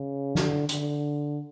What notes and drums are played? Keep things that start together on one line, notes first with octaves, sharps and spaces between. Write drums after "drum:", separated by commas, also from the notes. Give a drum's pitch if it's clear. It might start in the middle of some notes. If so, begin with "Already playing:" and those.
Already playing: C#3
D3, drum: snare
D3, drum: hi-hat